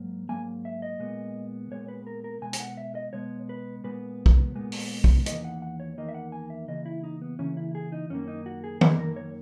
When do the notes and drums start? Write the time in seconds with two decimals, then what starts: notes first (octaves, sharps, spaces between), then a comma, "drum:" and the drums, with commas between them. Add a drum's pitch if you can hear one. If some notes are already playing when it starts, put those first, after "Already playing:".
Already playing: G#2 F#3 A#3
0.29 G#2 F#3 A#3 G#5
0.65 E5
0.82 D#5
1.00 A#2 G#3 B3
1.71 A#2 G#3 B3 C#5
1.88 B4
2.07 A#4
2.24 A#4
2.42 B2 G#3 B3 G#5
2.53 G#5, drum: hi-hat
2.60 F#5
2.77 E5
2.95 D#5
3.13 B2 G#3 B3 C#5
3.49 B4
3.84 A#2 G#3 B3 B4
4.26 drum: kick B1
4.55 A#2 G#3 B3
4.72 drum: open hi-hat
5.04 drum: kick B1
5.26 E2 D#3 A#3 D#5, drum: hi-hat
5.45 F#5
5.62 F#5
5.80 C#5
5.98 E2 D#3 A#3 D#5
6.09 E5
6.14 F#5
6.32 G#5
6.50 E5
6.68 C#3 E3 A#3 D#5
6.85 E4
7.04 D#4
7.22 B3
7.39 C#3 E3 A#3 C#4
7.57 E4
7.75 G#4
7.92 D#4
8.10 F#2 D#3 A#3 C#4
8.28 D#4
8.46 F#4
8.64 G#4
8.81 F#2 D#3 A#3 G#4, drum: tom D#3
8.99 A#4
9.16 C#5